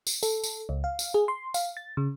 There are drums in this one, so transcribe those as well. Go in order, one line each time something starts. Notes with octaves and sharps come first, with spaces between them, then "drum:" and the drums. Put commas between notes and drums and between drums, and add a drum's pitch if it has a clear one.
drum: tambourine
A4, drum: tambourine
drum: tambourine
C#2
F5
drum: tambourine
G#4
C6
F5, drum: tambourine
A6
C#3